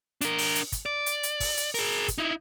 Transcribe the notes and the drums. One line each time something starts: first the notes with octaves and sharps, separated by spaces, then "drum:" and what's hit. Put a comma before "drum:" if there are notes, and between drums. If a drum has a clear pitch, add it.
D4 A#4, drum: hi-hat
drum: open hi-hat
drum: hi-hat
drum: kick, hi-hat
D5
drum: hi-hat
drum: hi-hat
drum: kick, open hi-hat
drum: hi-hat
G#4 A#4, drum: open hi-hat
drum: kick, hi-hat
D#4 E4